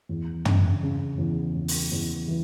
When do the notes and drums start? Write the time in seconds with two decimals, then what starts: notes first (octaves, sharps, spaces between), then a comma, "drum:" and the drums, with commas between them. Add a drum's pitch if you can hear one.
0.09 E2
0.45 C#3, drum: tom
0.83 C#3
1.18 E2
1.56 E2
1.68 drum: open hi-hat
1.92 E2
2.28 E3